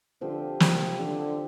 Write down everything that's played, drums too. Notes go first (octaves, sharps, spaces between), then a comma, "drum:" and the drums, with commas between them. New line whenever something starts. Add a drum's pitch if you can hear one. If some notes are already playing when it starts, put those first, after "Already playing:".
D3 F3 C4 G4 C5
C3, drum: snare
D3 F3 C4 G4 C5